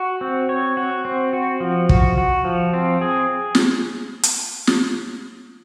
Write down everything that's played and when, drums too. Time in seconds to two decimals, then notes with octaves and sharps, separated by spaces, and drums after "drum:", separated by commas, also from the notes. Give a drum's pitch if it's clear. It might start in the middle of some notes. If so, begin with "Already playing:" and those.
Already playing: F#4
0.21 C4
0.49 C#5
0.77 F#4
1.05 C4
1.33 F#4
1.60 F3
1.89 F#4, drum: kick
2.18 F#4
2.45 F3
2.73 C4
3.01 G#4
3.55 drum: snare
4.23 drum: hi-hat
4.67 drum: snare